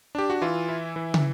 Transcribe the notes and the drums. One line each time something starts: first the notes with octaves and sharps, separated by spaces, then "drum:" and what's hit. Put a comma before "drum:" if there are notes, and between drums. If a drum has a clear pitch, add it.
D4 G4
F#4
E3 F4
E4
E3
drum: tom